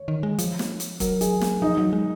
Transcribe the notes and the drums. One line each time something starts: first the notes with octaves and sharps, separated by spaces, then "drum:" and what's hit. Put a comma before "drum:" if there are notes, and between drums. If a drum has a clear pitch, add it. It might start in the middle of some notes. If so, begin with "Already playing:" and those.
Already playing: C#5
D#3
G#3
F3, drum: hi-hat
drum: snare
drum: hi-hat
F#3 A#4, drum: kick, hi-hat
G#4, drum: hi-hat
drum: snare
F3 D#4
F#3
G#3